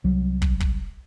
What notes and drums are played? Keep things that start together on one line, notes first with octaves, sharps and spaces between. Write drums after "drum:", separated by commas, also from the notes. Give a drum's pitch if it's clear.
C2 F#3
drum: kick
drum: kick